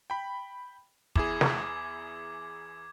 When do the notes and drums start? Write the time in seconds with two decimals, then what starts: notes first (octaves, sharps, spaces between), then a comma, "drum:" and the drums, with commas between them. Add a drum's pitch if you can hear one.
0.10 G5 B5
1.16 E2 E4 G#4 D6 G#6, drum: kick
1.41 drum: snare